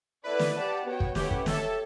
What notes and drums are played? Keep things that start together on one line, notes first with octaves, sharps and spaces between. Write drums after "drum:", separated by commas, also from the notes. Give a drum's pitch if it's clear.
B3 E4 A4 B4 D5
drum: snare
G4 D5 F#5 A5
B3 F#4 C#5 G5
drum: kick
A3 C#4 E4 G4 B4 F#5, drum: snare
drum: kick
G4 A4 C#5 E5 A5, drum: snare